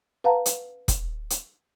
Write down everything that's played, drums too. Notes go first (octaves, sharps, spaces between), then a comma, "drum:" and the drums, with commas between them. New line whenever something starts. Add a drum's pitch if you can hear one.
B4 F5 F#5 A5 A#5
drum: hi-hat
drum: kick E1, hi-hat
drum: hi-hat